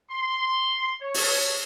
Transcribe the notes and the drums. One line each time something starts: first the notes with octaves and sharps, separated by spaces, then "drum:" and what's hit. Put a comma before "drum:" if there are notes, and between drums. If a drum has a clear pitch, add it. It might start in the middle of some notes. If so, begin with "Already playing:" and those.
C6
C#5
drum: open hi-hat